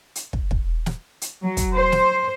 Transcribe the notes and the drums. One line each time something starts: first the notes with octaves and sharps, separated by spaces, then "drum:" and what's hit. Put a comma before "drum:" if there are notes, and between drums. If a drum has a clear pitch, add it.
drum: hi-hat
drum: kick
drum: kick
drum: snare
drum: hi-hat
F#3
drum: kick, hi-hat
C5
drum: snare